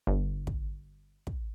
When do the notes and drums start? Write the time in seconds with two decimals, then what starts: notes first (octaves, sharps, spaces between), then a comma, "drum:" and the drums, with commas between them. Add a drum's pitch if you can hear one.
0.07 G1
0.47 drum: kick
1.27 drum: kick